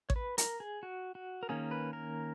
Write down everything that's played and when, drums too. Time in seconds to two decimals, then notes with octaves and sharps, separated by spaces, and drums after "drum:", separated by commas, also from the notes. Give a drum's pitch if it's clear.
0.10 C#5, drum: kick A1
0.16 B4
0.38 A#4, drum: hi-hat
0.60 G#4
0.83 F#4
1.15 F#4
1.43 A#4
1.49 D#3 A#3 C#4 G#4
1.71 B4
1.93 A#4